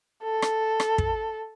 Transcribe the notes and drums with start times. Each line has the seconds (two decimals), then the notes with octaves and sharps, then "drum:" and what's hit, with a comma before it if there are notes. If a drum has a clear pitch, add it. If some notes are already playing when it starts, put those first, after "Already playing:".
0.24 A4
0.42 drum: rim click
0.80 drum: rim click
0.98 drum: kick